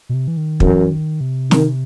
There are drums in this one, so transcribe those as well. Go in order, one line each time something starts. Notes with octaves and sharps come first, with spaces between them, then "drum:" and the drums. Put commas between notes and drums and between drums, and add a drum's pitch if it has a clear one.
B2
C3
E3
D#3
F#2 E3, drum: kick
D#3
C3
D#3, drum: snare